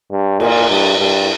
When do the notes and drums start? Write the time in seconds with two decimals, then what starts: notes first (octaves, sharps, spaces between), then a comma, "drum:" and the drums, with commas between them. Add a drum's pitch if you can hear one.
0.11 G2
0.40 A#2, drum: cymbal
0.70 G2
0.99 G2